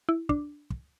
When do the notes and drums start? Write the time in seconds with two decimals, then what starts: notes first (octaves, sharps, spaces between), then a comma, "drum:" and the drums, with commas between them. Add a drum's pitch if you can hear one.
0.09 E4
0.29 D4, drum: kick
0.71 drum: kick